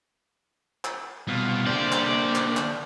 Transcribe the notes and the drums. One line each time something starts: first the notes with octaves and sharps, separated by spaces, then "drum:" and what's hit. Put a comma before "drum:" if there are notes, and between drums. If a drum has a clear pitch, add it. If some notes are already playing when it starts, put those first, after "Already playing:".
drum: clap
C2 B2 F4
D3 A#3 G4 C5 D5
drum: clap
drum: clap
drum: clap